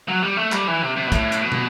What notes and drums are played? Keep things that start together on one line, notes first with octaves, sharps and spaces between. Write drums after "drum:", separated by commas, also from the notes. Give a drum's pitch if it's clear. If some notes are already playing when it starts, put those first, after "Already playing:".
F#3
G3
A3
G3, drum: clap
E3
C3
C3
B2
A2, drum: kick, hi-hat
drum: hi-hat
B2
drum: tom